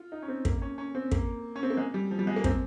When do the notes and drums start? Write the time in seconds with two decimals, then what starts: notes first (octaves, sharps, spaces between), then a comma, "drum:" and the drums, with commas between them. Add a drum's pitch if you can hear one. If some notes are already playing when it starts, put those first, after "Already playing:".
Already playing: F4
0.12 D#4
0.22 C#4
0.28 C4
0.45 A#3, drum: kick
0.62 C#4
0.78 C#4
0.95 C4
1.12 A#3, drum: kick
1.56 C#4
1.63 C4
1.70 A#3
1.77 G#3
1.94 G3
2.11 F3
2.19 G3
2.27 G#3
2.36 A#3
2.44 C4, drum: kick